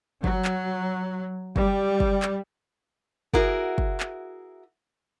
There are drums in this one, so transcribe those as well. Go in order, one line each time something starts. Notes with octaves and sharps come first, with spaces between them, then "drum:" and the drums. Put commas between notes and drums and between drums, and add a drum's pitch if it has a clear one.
F#3, drum: kick
drum: clap
G3, drum: kick
drum: kick
drum: clap
E4 F#4 G#4 A#4, drum: kick
drum: kick
drum: clap